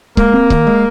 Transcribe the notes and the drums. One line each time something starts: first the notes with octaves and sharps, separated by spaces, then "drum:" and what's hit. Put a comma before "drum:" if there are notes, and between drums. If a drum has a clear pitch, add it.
G#3 A#3, drum: kick C#1
C4
D#3, drum: kick C#1
G#3